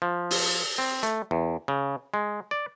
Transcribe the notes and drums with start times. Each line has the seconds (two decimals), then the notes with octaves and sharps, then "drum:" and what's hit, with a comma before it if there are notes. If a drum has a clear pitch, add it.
0.02 F3
0.31 drum: open hi-hat
0.78 C4
1.03 A3, drum: hi-hat
1.31 E2
1.68 C#3
2.14 G#3
2.51 D5